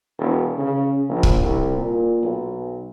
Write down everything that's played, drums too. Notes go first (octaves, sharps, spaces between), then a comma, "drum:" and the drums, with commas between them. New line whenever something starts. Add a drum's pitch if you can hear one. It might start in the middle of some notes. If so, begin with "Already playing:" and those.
E1
C#3
A#1
drum: kick
C2
A#2
B1